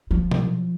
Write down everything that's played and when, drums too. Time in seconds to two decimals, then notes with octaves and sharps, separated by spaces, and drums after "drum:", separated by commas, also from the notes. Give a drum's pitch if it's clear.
0.11 F3
0.31 drum: tom B2